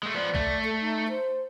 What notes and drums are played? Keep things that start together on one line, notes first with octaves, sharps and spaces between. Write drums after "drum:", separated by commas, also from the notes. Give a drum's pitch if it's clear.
G#3 A3
F3 B3 D5
A3, drum: kick B1
A4
D#4
C5